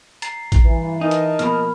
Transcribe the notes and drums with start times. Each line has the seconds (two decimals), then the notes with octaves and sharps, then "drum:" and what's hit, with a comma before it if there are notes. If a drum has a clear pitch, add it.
0.22 A#5 A6 C7, drum: hi-hat
0.52 drum: kick A1, hi-hat
0.62 G2 E3
1.01 D#4 A#4 D#5 A5
1.11 drum: hi-hat
1.39 B2 F3 A#3 B5 F6, drum: hi-hat